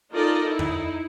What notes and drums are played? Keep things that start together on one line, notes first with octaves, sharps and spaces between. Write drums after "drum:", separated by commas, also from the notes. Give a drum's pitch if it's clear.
D#4 F4 A4 A#4 D5 D#5
D#4 E4
drum: tom F2